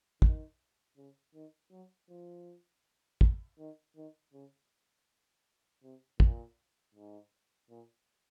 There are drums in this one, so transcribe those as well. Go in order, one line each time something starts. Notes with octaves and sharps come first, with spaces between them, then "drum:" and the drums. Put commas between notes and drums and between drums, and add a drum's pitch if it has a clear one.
D#3, drum: kick
C#3
D#3
F#3
F3
drum: kick
D#3
D#3
C#3
C3
A#2, drum: kick
G#2
A#2